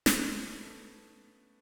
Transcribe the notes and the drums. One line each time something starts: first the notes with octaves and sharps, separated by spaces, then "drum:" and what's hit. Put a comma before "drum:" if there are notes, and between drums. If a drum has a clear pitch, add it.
D4, drum: snare
C#4
B3
A3